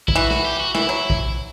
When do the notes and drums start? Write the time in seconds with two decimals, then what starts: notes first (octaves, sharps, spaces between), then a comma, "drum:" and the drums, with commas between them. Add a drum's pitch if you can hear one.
0.08 E4, drum: kick
0.15 E3 F#4
0.30 F#4, drum: snare
0.45 G4
0.60 F#4
0.75 E3 E4, drum: snare
0.89 F#3
1.10 drum: kick